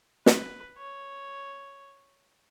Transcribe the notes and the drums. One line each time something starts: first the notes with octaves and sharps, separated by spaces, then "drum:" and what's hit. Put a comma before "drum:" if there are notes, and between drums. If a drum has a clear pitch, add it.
B4, drum: snare
C#5